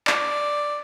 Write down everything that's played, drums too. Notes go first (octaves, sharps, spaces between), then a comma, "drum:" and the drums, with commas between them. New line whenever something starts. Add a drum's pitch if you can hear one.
D5, drum: clap